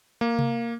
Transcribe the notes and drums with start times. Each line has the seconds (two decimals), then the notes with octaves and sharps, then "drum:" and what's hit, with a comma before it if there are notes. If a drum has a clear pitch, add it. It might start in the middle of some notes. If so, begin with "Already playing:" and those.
0.21 A#3
0.39 drum: tom C3